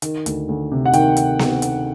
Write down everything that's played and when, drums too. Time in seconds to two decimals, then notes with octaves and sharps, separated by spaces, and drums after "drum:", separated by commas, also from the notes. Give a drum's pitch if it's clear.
0.02 D#3, drum: hi-hat
0.26 D2, drum: hi-hat
0.49 D2
0.72 C3
0.86 F#5
0.93 D#3 G5, drum: hi-hat
1.17 drum: hi-hat
1.39 drum: snare B3
1.62 drum: hi-hat